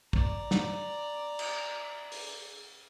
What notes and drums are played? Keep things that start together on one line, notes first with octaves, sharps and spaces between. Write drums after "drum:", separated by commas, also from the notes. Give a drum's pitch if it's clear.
D5 A#5, drum: kick
drum: snare
drum: cymbal
drum: open hi-hat